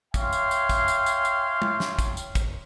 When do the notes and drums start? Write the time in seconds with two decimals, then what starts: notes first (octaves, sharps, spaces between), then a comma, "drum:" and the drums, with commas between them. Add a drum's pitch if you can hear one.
0.14 C#5 E5 F5 G5 G#5 C6, drum: kick, tambourine
0.33 drum: tambourine
0.51 drum: tambourine
0.69 drum: kick, tambourine
0.88 drum: tambourine
1.06 drum: tambourine
1.25 drum: tambourine
1.62 drum: tom G#3
1.80 drum: snare
1.99 drum: kick, tambourine
2.17 drum: tambourine
2.35 drum: kick, tambourine